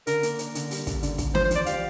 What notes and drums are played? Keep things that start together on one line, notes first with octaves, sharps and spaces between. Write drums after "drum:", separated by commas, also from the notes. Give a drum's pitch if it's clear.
D3 A#4, drum: hi-hat
A#3, drum: hi-hat
D4, drum: hi-hat
D3, drum: hi-hat
G3, drum: open hi-hat
D3, drum: kick, hi-hat
D3, drum: hi-hat
D3, drum: kick, hi-hat
F3 C5, drum: snare
C5
F3, drum: hi-hat
D5
G4 F5, drum: hi-hat